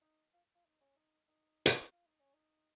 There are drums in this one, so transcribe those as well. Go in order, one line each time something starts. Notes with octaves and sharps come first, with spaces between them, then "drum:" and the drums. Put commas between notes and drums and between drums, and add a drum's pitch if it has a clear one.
D#4
F4
F4
D#4
C#4
D#4
D#4
drum: hi-hat
F4
D#4
C#4
D#4